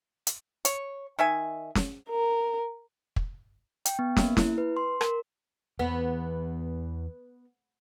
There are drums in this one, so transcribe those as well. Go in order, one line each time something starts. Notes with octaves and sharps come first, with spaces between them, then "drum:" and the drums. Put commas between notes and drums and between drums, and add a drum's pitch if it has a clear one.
drum: hi-hat
C#5, drum: hi-hat
D#3 E5 G#5
drum: snare
A#4
drum: kick
G5, drum: hi-hat
B3
A#3, drum: snare
E4, drum: snare
B4
C6
A#4, drum: rim click
E2 E3 B3